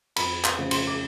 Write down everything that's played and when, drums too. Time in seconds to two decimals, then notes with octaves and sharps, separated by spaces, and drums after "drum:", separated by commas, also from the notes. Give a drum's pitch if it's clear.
0.16 F2 B5, drum: cymbal
0.44 C6, drum: clap
0.57 C#3 F3 A3
0.71 C6, drum: cymbal
0.87 D6